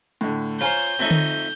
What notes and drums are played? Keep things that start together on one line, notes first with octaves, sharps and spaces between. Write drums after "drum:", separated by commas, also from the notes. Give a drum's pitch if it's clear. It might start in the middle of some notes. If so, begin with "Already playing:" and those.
A2 D3, drum: hi-hat
F4 C5 C#5 G#5 A#5 G6
F2 A3 D#4
drum: tom D3